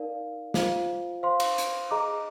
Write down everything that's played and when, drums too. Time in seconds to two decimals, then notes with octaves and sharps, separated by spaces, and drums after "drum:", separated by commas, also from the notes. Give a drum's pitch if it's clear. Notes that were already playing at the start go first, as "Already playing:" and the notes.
Already playing: D#4 A#4 D5 F5
0.54 F4 C5 F5, drum: snare
1.23 C5 F5 C6
1.40 drum: cymbal
1.58 drum: hi-hat
1.91 G#4 D#5 A#5 D6